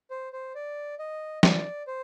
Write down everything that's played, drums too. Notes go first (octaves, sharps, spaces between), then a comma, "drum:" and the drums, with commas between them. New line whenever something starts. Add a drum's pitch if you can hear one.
C5
C5
D5
D#5
D5, drum: snare
C5